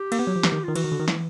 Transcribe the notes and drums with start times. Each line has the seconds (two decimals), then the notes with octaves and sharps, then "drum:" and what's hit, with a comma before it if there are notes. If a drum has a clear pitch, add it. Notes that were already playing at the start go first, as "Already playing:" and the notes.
Already playing: G4
0.12 A#3, drum: cymbal
0.19 B3
0.27 F#3
0.36 F3
0.43 E3, drum: snare
0.52 D#3
0.64 D#3 F4
0.75 E3 F#4, drum: cymbal
0.84 D#3
0.92 D3
1.00 D#3
1.08 E3 E4, drum: snare